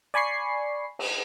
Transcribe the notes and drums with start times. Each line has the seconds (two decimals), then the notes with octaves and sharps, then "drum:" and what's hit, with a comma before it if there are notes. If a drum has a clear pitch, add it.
0.14 D5 G#5 B5 C#6 C7
0.99 drum: cymbal